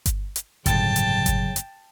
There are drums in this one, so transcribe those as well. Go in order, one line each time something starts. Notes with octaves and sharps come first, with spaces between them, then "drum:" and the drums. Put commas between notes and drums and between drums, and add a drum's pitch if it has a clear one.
drum: kick G1, hi-hat
drum: hi-hat
G1 F2 A2 C#3 F#3 G5 A5 A6, drum: kick G1, hi-hat
drum: hi-hat
drum: kick G1, hi-hat
drum: hi-hat